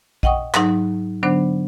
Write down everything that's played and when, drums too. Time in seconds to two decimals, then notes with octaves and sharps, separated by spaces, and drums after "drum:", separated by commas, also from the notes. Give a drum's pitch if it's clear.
0.23 D#5 F#5 G5 C#6 D#6, drum: kick A#1
0.54 G#2 F#3 D#4, drum: clap
1.23 D3 F#3 B3 D4 C5